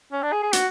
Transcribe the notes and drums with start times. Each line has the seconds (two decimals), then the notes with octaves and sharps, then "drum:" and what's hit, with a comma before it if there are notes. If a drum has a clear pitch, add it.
0.12 C#4
0.23 D4
0.32 G#4
0.43 G#4
0.53 F#4, drum: hi-hat